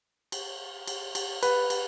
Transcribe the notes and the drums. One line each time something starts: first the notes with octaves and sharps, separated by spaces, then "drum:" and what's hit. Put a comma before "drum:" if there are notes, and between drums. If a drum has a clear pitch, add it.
drum: cymbal
drum: cymbal
drum: cymbal
B4, drum: cymbal
drum: cymbal